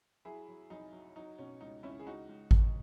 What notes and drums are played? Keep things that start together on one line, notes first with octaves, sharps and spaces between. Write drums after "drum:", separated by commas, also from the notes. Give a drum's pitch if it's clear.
F#3 E4 G#4
F#3
B1 D#4
F#3
F#3 D#4
B2 C#4
C#2 D#4
C#2 C#4 E4
G#4
C#2 D#4 F#4
C#2
C#2, drum: kick G#1